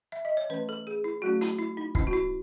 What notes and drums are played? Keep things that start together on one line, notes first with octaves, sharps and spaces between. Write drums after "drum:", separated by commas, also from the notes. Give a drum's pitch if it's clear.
E5
D#5
C#5
E3 A3 C#4 B4
A4
G#4
E4
F#3 A3 C#4 F#4
E4, drum: hi-hat
E4
D#4
E3 G#3 C#4 E4, drum: kick
F#4
E4